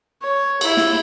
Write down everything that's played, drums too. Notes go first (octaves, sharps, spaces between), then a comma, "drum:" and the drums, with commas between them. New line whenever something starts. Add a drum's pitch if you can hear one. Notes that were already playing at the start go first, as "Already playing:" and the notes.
C#5
E4, drum: cymbal
drum: snare